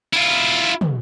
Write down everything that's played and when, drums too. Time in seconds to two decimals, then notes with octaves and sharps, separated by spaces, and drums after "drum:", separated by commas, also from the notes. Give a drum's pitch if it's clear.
0.13 E4 F4
0.81 drum: tom